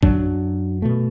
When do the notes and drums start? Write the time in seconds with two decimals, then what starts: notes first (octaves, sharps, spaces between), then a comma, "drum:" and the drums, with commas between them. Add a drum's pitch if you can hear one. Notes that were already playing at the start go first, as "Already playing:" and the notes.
0.03 F#2 F#3 D4, drum: kick
0.82 B2 A3